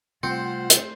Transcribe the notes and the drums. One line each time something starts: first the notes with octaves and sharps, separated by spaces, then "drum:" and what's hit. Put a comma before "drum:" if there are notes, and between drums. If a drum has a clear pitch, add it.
C3 G3 A3 C4 F4 C5 F#5
drum: hi-hat